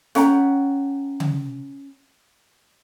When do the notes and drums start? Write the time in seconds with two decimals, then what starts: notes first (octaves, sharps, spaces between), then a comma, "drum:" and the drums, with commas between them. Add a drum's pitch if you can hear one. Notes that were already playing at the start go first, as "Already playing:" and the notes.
0.15 C#4 F#5 G5 A#5, drum: snare
1.20 drum: tom C#3